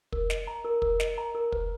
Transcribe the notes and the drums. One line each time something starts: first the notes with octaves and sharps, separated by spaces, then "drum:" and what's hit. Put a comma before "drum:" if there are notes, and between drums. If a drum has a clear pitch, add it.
A#4, drum: kick
D#5, drum: snare
A#5
A#4
A#4, drum: kick
D#5, drum: snare
A#5
A#4
B4, drum: kick